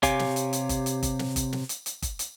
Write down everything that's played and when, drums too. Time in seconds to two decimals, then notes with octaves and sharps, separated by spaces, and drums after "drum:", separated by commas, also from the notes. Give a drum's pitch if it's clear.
0.03 C3 G4 C#5 F5 G#5, drum: kick G1, hi-hat
0.19 drum: snare
0.36 drum: hi-hat
0.53 drum: hi-hat
0.69 drum: kick G1, hi-hat
0.86 drum: hi-hat
1.03 drum: kick G1, hi-hat
1.19 drum: snare
1.36 drum: kick G1, hi-hat
1.53 drum: snare
1.69 drum: hi-hat
1.86 drum: hi-hat
2.02 drum: kick G1, hi-hat
2.19 drum: hi-hat